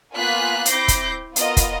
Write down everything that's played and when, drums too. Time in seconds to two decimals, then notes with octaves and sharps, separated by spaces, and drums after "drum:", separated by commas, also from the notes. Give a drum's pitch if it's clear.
0.14 A#3 B3 F4 G#5 F#6 B6
0.65 C4 E4 D6 G6 A#6 C7, drum: hi-hat
0.88 drum: kick, hi-hat
1.36 B3 F4 A#4 D#5, drum: hi-hat
1.57 drum: kick, hi-hat